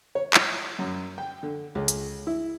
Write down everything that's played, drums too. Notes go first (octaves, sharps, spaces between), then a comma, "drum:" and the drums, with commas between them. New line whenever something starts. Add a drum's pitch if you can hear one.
C#5
drum: clap
F#2
G5
D3
C#2
drum: hi-hat
E4